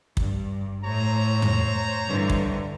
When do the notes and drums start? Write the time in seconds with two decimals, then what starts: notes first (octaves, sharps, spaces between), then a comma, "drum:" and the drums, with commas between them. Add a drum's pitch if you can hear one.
0.17 G2, drum: kick
0.84 A2 C5 C#5 A#5
1.42 drum: tom
2.07 G2 D3 E3
2.30 drum: kick